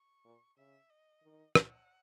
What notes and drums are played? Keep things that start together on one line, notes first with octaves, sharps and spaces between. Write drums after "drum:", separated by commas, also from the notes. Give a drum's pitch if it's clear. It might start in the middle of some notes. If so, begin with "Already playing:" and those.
Already playing: C#6
A#2
C#3 E5
D#5
D#3
F#5, drum: rim click